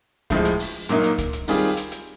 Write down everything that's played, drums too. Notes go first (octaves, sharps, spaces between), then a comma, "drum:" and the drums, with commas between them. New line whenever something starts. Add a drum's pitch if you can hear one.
A2 F3 G#3, drum: kick C#2, hi-hat
drum: hi-hat
drum: open hi-hat
A#2 F#3 A#3 D#4, drum: hi-hat
drum: hi-hat
drum: kick C#2, hi-hat
drum: hi-hat
D#3 G3 C4 F4 G#4, drum: open hi-hat
drum: hi-hat
drum: hi-hat